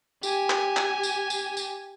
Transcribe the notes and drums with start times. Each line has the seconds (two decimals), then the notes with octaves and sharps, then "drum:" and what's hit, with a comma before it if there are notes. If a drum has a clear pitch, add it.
0.23 G4 G#5, drum: tambourine
0.50 drum: clap
0.77 drum: clap
1.03 drum: tambourine
1.30 drum: tambourine
1.57 drum: tambourine